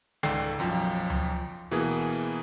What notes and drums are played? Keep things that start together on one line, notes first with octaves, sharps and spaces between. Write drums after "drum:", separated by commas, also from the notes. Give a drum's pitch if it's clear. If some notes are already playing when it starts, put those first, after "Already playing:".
C#2 G#2 A4 D5 G5 C7, drum: snare
B1 F#2 F3 G5
drum: tom D2
B2 E3 A#3 B3 G#4
drum: hi-hat